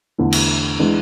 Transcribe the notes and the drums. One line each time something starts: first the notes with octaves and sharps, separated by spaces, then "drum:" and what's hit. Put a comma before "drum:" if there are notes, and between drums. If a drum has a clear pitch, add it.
E2 D3 A3 E4
drum: cymbal
E3 G#3 D4